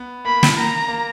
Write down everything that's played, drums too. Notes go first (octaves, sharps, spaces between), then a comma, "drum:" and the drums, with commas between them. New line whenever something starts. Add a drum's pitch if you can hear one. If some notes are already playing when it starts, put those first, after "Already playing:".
Already playing: B3
A#3 B5
drum: snare
A#5
A#3